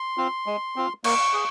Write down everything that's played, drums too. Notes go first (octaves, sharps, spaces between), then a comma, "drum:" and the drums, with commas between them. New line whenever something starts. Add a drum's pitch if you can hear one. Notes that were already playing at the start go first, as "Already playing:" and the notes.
Already playing: C6
C4 F4
G#3
C4 F4
A#3 C#6, drum: cymbal
G#4